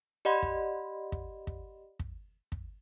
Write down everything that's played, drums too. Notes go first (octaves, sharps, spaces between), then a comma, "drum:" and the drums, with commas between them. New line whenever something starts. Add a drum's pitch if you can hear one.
G4 D5 D#5 F#5 B5 C6
drum: kick
drum: kick
drum: kick
drum: kick
drum: kick